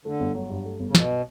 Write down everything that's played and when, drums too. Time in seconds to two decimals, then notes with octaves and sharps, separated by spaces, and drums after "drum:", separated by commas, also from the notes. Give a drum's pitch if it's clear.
0.05 D3 A3
0.20 G1
0.35 F#3
0.50 G2
0.65 A3
0.80 G1
0.89 C#3
0.95 B1 B2, drum: snare